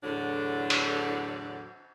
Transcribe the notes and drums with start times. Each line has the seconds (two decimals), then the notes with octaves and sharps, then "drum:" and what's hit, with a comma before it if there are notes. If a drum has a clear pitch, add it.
0.04 E2 A2 D3 F#3 D4
0.70 drum: cymbal